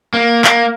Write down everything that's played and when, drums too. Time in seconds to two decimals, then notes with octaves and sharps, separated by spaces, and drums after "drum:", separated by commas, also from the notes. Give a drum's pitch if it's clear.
0.14 A#3
0.44 A#3, drum: clap